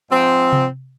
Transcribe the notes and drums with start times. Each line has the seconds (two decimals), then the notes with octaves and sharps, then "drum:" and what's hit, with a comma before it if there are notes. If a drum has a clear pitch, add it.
0.10 G#2 F3 C4
0.53 drum: tom C3